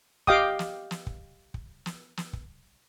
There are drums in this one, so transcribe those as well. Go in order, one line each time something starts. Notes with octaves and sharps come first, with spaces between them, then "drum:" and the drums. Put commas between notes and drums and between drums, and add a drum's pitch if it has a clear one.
G4 D#5 F5 G5 D6 D#6, drum: kick
drum: snare
drum: snare
drum: kick
drum: kick
drum: snare
drum: snare
drum: kick